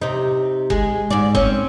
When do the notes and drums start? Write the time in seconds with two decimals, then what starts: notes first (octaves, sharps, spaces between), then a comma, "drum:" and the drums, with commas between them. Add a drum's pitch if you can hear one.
0.02 C3 D#4
0.70 G#3, drum: kick F#1
1.10 G#2 D5
1.35 C4 C#4, drum: kick F#1